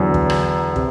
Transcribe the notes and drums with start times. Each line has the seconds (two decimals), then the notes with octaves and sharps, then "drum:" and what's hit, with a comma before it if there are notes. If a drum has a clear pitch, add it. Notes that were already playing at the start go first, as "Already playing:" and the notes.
Already playing: E2 D3 F#3
0.14 drum: kick
0.30 drum: rim click
0.76 C3, drum: kick